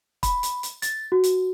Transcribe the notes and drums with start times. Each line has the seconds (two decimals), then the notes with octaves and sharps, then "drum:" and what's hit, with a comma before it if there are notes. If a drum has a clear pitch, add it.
0.23 B5, drum: kick, hi-hat
0.43 drum: hi-hat
0.63 drum: hi-hat
0.82 A6, drum: hi-hat
1.12 F#4
1.24 drum: hi-hat